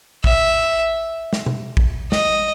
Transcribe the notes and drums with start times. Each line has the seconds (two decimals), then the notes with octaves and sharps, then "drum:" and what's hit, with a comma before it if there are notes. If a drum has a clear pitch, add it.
0.24 E5, drum: kick A1
1.33 drum: snare
1.46 drum: tom B2
1.77 drum: kick A1
2.12 D#5, drum: snare